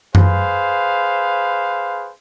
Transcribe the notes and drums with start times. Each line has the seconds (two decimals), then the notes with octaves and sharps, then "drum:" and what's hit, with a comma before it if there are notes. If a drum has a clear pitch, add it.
0.15 G#4 B4 C5 F5, drum: tom F#2